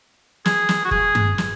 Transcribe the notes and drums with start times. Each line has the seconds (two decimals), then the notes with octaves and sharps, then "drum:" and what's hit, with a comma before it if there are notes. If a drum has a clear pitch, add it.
0.45 G#4, drum: snare
0.69 drum: snare
0.85 F#4
0.91 G#4, drum: kick F#1
1.15 drum: tom G2
1.38 drum: snare